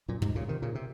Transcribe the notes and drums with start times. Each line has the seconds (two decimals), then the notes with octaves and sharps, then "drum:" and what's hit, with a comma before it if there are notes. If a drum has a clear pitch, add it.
0.08 F#2 A#2
0.22 G#2 C3, drum: kick
0.35 A#2 C#3
0.48 C3 D#3
0.62 A#2 C#3
0.75 C3